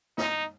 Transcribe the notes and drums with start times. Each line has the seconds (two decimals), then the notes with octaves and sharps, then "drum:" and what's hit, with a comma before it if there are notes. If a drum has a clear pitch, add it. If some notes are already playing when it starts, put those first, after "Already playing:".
0.18 D#4, drum: snare